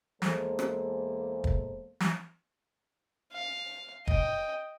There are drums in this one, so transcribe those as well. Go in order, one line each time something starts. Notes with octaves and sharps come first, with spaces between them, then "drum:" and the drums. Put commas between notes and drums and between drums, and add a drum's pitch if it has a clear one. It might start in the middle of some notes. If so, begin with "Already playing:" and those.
E2 G#3 A#3 A4 C5, drum: snare
drum: rim click
drum: kick
drum: snare
F5
D#5 G5, drum: kick